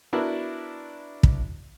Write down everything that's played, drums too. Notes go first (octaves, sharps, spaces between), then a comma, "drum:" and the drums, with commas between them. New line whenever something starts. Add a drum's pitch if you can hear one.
B3 D4 E4 F#4 A#4
drum: kick